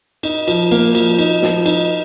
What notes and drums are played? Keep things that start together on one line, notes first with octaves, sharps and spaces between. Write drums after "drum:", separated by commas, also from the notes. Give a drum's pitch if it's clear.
D#4, drum: cymbal
F3, drum: cymbal
A#3, drum: cymbal
F3, drum: cymbal
D#4, drum: cymbal
F3, drum: snare
D#4, drum: cymbal